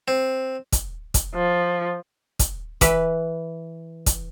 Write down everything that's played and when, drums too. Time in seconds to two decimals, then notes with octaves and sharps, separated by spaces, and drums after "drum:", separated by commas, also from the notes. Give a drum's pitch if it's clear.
0.08 C4
0.72 drum: kick, hi-hat
1.14 drum: kick, hi-hat
1.35 F3
2.39 drum: kick, hi-hat
2.81 E3 B4, drum: kick, hi-hat
4.06 drum: kick, hi-hat